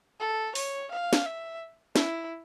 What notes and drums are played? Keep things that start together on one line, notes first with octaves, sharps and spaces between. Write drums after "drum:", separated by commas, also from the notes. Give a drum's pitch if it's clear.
A4
C#5, drum: open hi-hat
F5
drum: snare
E5
E4, drum: snare